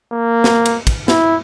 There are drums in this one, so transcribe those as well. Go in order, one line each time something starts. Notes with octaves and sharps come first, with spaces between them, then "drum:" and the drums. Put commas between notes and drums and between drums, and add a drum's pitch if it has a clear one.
A#3
drum: snare
drum: cymbal
drum: kick, cymbal
E4, drum: snare